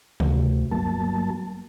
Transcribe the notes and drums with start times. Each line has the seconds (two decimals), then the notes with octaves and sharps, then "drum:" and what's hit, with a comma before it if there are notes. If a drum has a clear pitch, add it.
0.20 D2, drum: tom C3
0.71 G1 F#3 A#3 A5